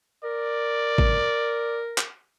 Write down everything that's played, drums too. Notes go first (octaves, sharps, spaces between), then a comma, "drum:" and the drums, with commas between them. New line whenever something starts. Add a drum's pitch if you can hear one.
A#4 D5
drum: kick
drum: clap